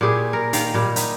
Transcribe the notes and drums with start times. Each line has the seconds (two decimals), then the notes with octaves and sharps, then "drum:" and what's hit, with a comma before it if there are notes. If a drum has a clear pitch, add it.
0.01 A#2 E4 G4 G#4
0.33 A#4
0.53 D#3 F5 G5, drum: hi-hat
0.74 A#2 G3
0.96 D#4, drum: hi-hat